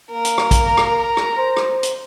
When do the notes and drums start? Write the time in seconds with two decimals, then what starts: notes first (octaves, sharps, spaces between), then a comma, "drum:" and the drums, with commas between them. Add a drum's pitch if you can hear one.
0.11 A#3 A#4
0.25 drum: hi-hat
0.38 drum: rim click
0.51 drum: kick, hi-hat
0.65 A#5
0.77 drum: rim click
1.17 drum: rim click
1.37 C5
1.57 drum: rim click
1.83 drum: hi-hat